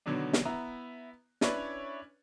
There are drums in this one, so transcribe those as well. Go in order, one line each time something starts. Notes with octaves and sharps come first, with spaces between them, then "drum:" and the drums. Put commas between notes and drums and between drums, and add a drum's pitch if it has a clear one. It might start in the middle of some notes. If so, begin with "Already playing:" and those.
B2 D3 D#3 F#3 B3 D4
drum: snare
B3 E4 A#5
C#4 D4 E4 B4 C#5 D5, drum: snare